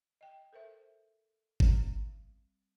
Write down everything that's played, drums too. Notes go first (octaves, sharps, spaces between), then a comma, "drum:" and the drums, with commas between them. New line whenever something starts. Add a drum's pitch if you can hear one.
D#5 G5
A4 A#4 C5 E5
G3 C4, drum: kick G1